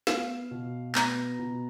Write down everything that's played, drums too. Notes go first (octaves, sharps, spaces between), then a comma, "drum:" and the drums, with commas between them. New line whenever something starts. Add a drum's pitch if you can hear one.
B3 F5, drum: snare
B2
B3 A#5, drum: clap
B2